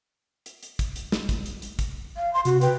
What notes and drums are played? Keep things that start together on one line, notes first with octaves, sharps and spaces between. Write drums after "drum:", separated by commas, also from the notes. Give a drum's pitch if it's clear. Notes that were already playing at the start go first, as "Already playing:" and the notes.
drum: hi-hat
drum: hi-hat
drum: kick, hi-hat
drum: hi-hat
drum: snare
drum: kick, hi-hat
drum: hi-hat
drum: hi-hat
drum: kick, hi-hat
F5
C6
C3 F#4, drum: hi-hat
B4 G5, drum: hi-hat